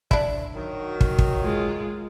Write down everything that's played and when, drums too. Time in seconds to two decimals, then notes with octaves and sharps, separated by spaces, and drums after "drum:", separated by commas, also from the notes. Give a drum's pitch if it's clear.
0.11 D4 E4, drum: kick
0.55 D#3 F#3
1.01 drum: kick
1.19 drum: kick
1.41 G#3 F4